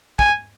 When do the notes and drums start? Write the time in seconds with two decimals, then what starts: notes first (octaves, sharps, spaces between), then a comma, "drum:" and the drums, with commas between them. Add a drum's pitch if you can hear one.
0.19 G#5, drum: kick